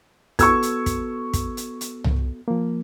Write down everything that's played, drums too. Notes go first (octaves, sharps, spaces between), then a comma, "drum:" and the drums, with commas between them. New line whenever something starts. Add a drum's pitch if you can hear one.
B3 F#4 A4 C#6 E6 G#6, drum: kick, hi-hat
drum: hi-hat
drum: kick, hi-hat
drum: kick, hi-hat
drum: hi-hat
drum: hi-hat
drum: tom C2
F3 A#3